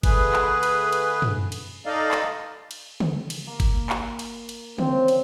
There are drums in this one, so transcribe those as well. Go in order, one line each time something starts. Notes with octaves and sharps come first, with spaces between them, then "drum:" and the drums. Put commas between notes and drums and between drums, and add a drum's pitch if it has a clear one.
D3 A3 G#4 B4, drum: kick G1, cymbal
drum: clap
drum: cymbal
drum: cymbal
drum: tom
drum: cymbal
D#4 A4 D5 D#5 F5
drum: clap
drum: cymbal
drum: tom
drum: cymbal
A#3
drum: kick G1, cymbal
drum: clap
drum: cymbal
drum: cymbal
C#3 F3 C4, drum: tom
drum: cymbal